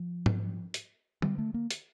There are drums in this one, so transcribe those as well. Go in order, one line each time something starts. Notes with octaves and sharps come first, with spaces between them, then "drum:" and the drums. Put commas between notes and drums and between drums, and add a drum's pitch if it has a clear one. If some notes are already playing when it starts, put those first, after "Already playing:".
Already playing: F3
drum: tom G#2
drum: hi-hat
G3, drum: tom D3
A3
A#3
drum: hi-hat